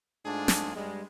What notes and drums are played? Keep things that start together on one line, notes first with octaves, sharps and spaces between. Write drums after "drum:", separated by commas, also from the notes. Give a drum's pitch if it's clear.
G#2 A3 D4 F4 G#4
drum: snare
G2 G3 G#3